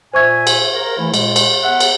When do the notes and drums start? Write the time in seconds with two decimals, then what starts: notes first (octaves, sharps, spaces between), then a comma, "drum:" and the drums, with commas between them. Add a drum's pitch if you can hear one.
0.14 A#2 C5 E5 G#5 C#6 G#6
0.47 drum: cymbal
0.74 A#4
0.98 E3 A3 E4
1.14 A#2 G#3, drum: cymbal
1.36 drum: cymbal
1.63 B3 E5 F#5
1.80 drum: cymbal